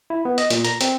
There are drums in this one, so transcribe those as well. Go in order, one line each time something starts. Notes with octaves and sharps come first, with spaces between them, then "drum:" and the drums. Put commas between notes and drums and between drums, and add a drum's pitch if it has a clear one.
E4
B3
D#5, drum: hi-hat
A#2, drum: hi-hat
A#5, drum: hi-hat
C4, drum: hi-hat